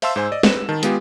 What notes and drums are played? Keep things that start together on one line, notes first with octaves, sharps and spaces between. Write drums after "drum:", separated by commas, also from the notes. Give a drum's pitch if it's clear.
C5 E5 F5 A5 C6 E6, drum: open hi-hat
G#2 C5 G#5
D5 D#5
B4 E7, drum: snare
D#3 A5
G#3 B3 F4 G4 G#4, drum: hi-hat